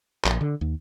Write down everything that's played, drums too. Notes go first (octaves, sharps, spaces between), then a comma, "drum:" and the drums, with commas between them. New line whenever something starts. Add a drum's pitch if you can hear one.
A#1, drum: clap
D3
D#2